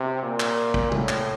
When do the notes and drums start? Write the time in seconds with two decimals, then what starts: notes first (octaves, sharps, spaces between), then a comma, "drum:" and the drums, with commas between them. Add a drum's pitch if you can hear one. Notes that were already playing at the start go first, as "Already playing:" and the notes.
Already playing: C3
0.23 A#2
0.40 drum: clap
0.74 drum: kick
0.92 A2, drum: tom
1.09 drum: clap